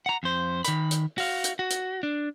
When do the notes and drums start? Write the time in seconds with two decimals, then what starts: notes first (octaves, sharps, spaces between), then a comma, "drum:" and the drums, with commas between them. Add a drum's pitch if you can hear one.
0.06 F#5 A#5
0.23 F2 C5
0.65 D#3 B5, drum: hi-hat
0.91 drum: hi-hat
1.18 F#4 F5, drum: open hi-hat
1.44 drum: hi-hat
1.59 F#4
1.71 drum: hi-hat
2.03 D4